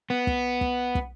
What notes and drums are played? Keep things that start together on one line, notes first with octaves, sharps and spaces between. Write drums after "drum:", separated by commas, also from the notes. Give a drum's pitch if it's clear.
B3
drum: kick
drum: kick
drum: kick